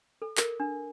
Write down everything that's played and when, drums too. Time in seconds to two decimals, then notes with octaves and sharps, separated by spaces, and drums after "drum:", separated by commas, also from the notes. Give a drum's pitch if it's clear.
0.22 A4
0.37 A#4, drum: clap
0.60 D4